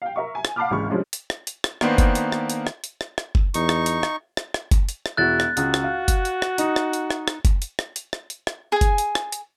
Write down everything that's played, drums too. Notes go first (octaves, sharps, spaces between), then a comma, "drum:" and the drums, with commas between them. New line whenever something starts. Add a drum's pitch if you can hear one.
F5 G5
A#4 E5 C#6
G#5
drum: rim click
F5 F#5 A5 B5 D6 F6
G#1 C#2 E3 G#3 B5 C#6
F3 G3 G#3 C#4 D4
drum: hi-hat
drum: rim click
drum: hi-hat
drum: rim click
D#3 A#3 B3 D4 B4 C5, drum: rim click
drum: kick F#1, hi-hat
drum: hi-hat
drum: rim click
drum: hi-hat
drum: rim click
drum: hi-hat
drum: rim click
drum: rim click
drum: kick F#1
E2 D#4 C#6, drum: hi-hat
drum: rim click
drum: hi-hat
drum: rim click
drum: rim click
drum: rim click
drum: kick F#1, hi-hat
drum: hi-hat
drum: rim click
E1 E4 F#4 F#6 A6
drum: rim click
C#2 F#4, drum: hi-hat
drum: rim click
F5
drum: kick F#1, hi-hat
drum: hi-hat
drum: rim click
D#4, drum: hi-hat
drum: rim click
drum: hi-hat
drum: rim click
drum: rim click
drum: kick F#1, hi-hat
drum: hi-hat
drum: rim click
drum: hi-hat
drum: rim click
drum: hi-hat
drum: rim click
G#4 G#5
drum: kick F#1, hi-hat
drum: hi-hat
drum: rim click
drum: hi-hat